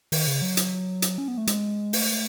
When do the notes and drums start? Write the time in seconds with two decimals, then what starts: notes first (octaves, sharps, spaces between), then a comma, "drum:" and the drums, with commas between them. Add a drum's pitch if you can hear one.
0.12 D#3, drum: open hi-hat
0.27 C#3
0.42 F#3
0.57 drum: hi-hat
1.02 drum: hi-hat
1.18 C#4
1.28 B3
1.37 A3
1.47 G#3, drum: hi-hat
1.93 A3, drum: open hi-hat